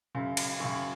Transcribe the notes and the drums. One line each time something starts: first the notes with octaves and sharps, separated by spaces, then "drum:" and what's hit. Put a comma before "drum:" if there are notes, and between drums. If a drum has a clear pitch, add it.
F#2 C#3
drum: cymbal
F#2 C#3 C#6